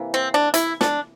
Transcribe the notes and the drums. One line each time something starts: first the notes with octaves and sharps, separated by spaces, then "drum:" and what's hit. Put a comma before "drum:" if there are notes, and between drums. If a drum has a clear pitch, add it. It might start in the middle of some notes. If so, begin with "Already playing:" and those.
Already playing: C3 E3 A#3
C4
D4
E4, drum: hi-hat
D4, drum: snare